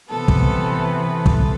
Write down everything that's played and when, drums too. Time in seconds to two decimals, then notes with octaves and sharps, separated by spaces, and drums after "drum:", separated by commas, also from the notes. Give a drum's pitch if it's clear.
0.12 C3 E3 B3 A4
0.28 drum: kick
1.09 A4
1.26 drum: kick